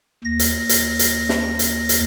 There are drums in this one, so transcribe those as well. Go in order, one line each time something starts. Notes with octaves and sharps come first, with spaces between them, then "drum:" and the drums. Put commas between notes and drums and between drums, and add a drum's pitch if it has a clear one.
D#2 A#6
drum: hi-hat
drum: hi-hat
drum: hi-hat
drum: snare
drum: hi-hat
drum: hi-hat